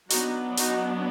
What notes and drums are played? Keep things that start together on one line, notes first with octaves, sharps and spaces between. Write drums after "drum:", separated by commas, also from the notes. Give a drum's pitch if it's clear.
F#3 B3 D4 D#4 F#4, drum: hi-hat
D#4 F#4, drum: hi-hat